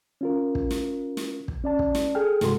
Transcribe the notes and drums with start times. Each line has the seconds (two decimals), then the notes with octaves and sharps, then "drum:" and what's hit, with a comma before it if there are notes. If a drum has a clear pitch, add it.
0.21 C#4 F4 A#4
0.55 drum: kick
0.71 drum: snare
1.17 drum: snare
1.48 drum: kick
1.64 C#4 D5 A5
1.79 drum: kick
1.95 drum: snare
2.15 G#4 A4 G5 G#5 F6
2.41 G2 C3 G#3 F#4 A4 C6, drum: snare